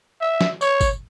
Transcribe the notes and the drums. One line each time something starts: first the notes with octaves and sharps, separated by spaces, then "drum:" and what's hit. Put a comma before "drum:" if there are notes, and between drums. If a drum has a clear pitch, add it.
E5
drum: snare
C#5, drum: tambourine
drum: kick, tambourine